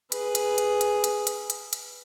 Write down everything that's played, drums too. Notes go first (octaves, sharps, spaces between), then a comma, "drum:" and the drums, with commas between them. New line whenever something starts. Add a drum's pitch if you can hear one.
G#4 B4, drum: hi-hat
drum: hi-hat
drum: hi-hat
drum: hi-hat
drum: hi-hat
drum: hi-hat
drum: hi-hat
drum: hi-hat